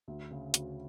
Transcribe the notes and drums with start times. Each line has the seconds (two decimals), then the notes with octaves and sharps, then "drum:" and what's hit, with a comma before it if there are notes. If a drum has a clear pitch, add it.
0.08 D2
0.31 C#3
0.54 D2, drum: hi-hat